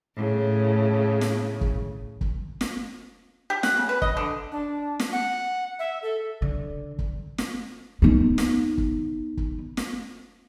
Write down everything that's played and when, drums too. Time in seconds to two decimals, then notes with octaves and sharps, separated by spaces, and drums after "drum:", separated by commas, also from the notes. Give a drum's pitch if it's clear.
0.15 A2 C#3
1.21 drum: snare
1.61 drum: kick
2.21 drum: kick
2.61 drum: snare
3.50 G4
3.63 F#5, drum: snare
3.77 C#3
3.89 B4
4.02 D#5, drum: kick
4.17 D3
4.52 D4
5.00 drum: snare
5.12 F#5
5.79 E5
6.02 A4
6.42 D3
6.99 drum: kick
7.38 drum: snare
8.02 B3 D#4
8.38 drum: snare
8.78 drum: kick
9.37 drum: kick
9.77 drum: snare